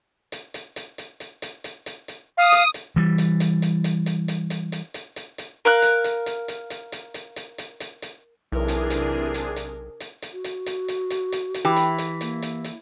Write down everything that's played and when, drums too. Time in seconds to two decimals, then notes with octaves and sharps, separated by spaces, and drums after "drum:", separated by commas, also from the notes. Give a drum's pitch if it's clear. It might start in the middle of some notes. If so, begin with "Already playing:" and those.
0.32 drum: hi-hat
0.54 drum: hi-hat
0.76 drum: hi-hat
0.98 drum: hi-hat
1.20 drum: hi-hat
1.42 drum: hi-hat
1.64 drum: hi-hat
1.86 drum: hi-hat
2.08 drum: hi-hat
2.37 F5 D#6
2.52 drum: hi-hat
2.74 drum: hi-hat
2.96 E3 G3
3.18 drum: hi-hat
3.40 drum: hi-hat
3.62 drum: hi-hat
3.84 drum: hi-hat
4.06 drum: hi-hat
4.28 drum: hi-hat
4.50 drum: hi-hat
4.72 drum: hi-hat
4.94 drum: hi-hat
5.16 drum: hi-hat
5.38 drum: hi-hat
5.65 A#4 F5 F#6
5.82 drum: hi-hat
6.04 drum: hi-hat
6.26 drum: hi-hat
6.48 drum: hi-hat
6.70 drum: hi-hat
6.92 drum: hi-hat
7.14 drum: hi-hat
7.36 drum: hi-hat
7.58 drum: hi-hat
7.80 drum: hi-hat
8.02 drum: hi-hat
8.52 B1 C3 E3 D4 G#4 A#4
8.68 drum: hi-hat
8.90 drum: hi-hat
9.34 drum: hi-hat
9.56 drum: hi-hat
10.00 drum: hi-hat
10.22 drum: hi-hat
10.33 F#4
10.44 drum: hi-hat
10.66 drum: hi-hat
10.88 drum: hi-hat
11.10 drum: hi-hat
11.32 drum: hi-hat
11.54 drum: hi-hat
11.65 E3 G4
11.76 drum: hi-hat
11.98 drum: hi-hat
12.21 A#3, drum: hi-hat
12.42 drum: hi-hat
12.64 drum: hi-hat